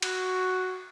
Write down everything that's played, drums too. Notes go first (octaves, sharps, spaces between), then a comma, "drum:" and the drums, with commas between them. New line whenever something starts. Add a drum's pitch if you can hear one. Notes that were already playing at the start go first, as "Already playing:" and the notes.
F#4, drum: cymbal